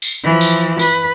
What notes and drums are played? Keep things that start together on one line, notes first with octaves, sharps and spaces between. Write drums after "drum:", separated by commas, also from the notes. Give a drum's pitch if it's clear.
drum: tambourine
E3 F3
drum: tambourine
B4, drum: tambourine